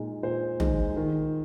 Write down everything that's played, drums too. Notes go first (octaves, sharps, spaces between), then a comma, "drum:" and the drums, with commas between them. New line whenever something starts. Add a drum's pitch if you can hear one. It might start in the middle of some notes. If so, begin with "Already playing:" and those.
Already playing: A#2 G#3 D#4
A#2 C5
G#3 D#4, drum: tom
D#3